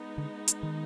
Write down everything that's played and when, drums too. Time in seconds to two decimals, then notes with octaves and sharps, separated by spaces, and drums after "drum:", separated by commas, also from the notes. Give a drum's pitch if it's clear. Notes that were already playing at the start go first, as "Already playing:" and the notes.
Already playing: G#3 B3 D#4
0.18 D3
0.48 drum: hi-hat
0.63 D#3